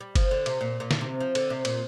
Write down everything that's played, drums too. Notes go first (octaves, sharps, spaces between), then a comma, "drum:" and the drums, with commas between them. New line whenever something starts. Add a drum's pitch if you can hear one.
G3
F3, drum: kick F#1, cymbal
D3
C3, drum: cymbal
A#2
A#2
drum: snare
C3
F3
D3, drum: cymbal
C3
A#2, drum: cymbal